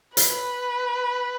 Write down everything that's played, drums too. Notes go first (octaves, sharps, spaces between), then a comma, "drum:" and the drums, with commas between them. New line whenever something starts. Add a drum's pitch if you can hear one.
B4, drum: hi-hat